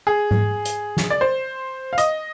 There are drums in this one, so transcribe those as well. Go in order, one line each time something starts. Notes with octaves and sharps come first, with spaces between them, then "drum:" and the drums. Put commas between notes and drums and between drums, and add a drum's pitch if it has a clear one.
G#4
drum: tom G#2
drum: hi-hat
drum: snare
D5
C5
F5
D#5, drum: hi-hat